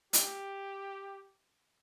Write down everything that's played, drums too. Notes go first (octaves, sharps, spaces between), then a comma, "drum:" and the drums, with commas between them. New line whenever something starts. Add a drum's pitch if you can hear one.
G4, drum: hi-hat